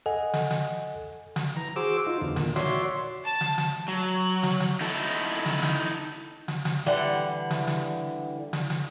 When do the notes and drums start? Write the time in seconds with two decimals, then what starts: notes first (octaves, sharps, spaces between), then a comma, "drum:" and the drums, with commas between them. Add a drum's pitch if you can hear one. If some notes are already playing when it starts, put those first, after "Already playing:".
0.06 A4 D#5 F#5 G#5
0.34 drum: snare
0.51 drum: snare
1.36 drum: snare
1.56 E3 A#5
1.76 F#4 G#4 C5 D6 E6
2.07 D#4 F4
2.21 E2 D3
2.36 A#2 D#3, drum: snare
2.56 F#4 C#5 D5 E5 C6, drum: snare
3.25 A5
3.41 drum: snare
3.58 drum: snare
3.88 F#3
4.43 drum: snare
4.60 drum: snare
4.81 D#4 E4 A4
5.46 drum: snare
5.63 drum: snare
6.48 drum: snare
6.65 drum: snare
6.86 D3 E3 G3 F#5
7.51 drum: snare
7.68 drum: snare
8.53 drum: snare
8.70 drum: snare